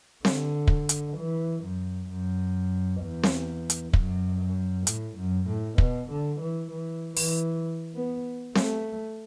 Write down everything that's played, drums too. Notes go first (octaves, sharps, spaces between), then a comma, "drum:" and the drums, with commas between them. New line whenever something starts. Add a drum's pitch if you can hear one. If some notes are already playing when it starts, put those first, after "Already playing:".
D3, drum: snare C4
drum: kick
drum: hi-hat
E3
F#2
F#2
E2
drum: snare C4
drum: hi-hat
F#2, drum: kick
A2, drum: hi-hat
F#2
A2
B2, drum: kick
D3
E3
E3
E3, drum: open hi-hat
B3
A3, drum: snare C4